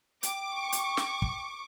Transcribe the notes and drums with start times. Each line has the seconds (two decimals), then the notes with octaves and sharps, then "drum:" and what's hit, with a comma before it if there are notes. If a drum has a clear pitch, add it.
0.23 G5 D6, drum: hi-hat
0.55 C#6
0.72 drum: hi-hat
0.97 drum: snare
1.22 drum: kick